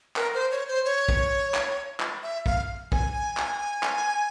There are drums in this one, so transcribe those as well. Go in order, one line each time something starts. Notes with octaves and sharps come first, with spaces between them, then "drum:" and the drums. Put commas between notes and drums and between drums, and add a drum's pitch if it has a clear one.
A#4, drum: clap
C5
C#5
C5
C#5
drum: kick
drum: clap
drum: clap
E5
F5, drum: kick
G#5, drum: kick
drum: clap
drum: clap